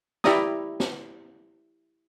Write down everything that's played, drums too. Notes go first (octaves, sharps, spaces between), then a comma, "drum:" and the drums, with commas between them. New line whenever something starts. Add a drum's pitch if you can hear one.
E4 G4 D5 E5 A#5 D#6, drum: snare
drum: snare